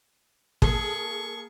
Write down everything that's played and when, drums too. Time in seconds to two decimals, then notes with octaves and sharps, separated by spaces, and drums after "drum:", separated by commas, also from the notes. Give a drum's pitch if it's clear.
0.62 A#3 G#4 A4 C#6, drum: kick